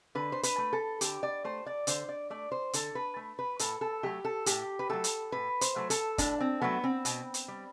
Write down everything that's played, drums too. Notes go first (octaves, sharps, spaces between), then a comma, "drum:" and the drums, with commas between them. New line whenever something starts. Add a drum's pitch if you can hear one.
D3 B4
C5
B4, drum: hi-hat
A3
A4
D3 G4, drum: hi-hat
D5
A3 C5
D5
D3 C5, drum: hi-hat
D5
A3 D5
C5
D3 A4, drum: hi-hat
B4
A3
B4
A2 A4, drum: hi-hat
A4
F#3 A3 G4
A4
A2 G4, drum: hi-hat
B4
F#3 A3 A4
drum: hi-hat
A2 B4
C5, drum: hi-hat
F#3 A3
A4, drum: hi-hat
A2 D4, drum: kick F#1, hi-hat
C4
F#3 A3 B3
C4
B2, drum: hi-hat
drum: hi-hat
G3